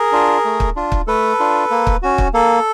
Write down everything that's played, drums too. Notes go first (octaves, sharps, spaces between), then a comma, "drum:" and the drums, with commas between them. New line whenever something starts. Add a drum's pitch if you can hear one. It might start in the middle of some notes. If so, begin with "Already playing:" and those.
Already playing: G#4 A#4
D4 F4
A3
drum: kick
D4 F4
drum: kick
A3 A4 B4
D4 F4
A#3
drum: kick
C#4 F#4
drum: kick
A#3 A4